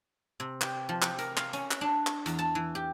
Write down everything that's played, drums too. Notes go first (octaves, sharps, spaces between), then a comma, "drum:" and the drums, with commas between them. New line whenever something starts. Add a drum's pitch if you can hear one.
C3
G4, drum: clap
F3
G4, drum: clap
A#4, drum: hi-hat
F5, drum: clap
C#4, drum: hi-hat
drum: clap
D4
drum: clap
E2, drum: hi-hat
A5
E3
G4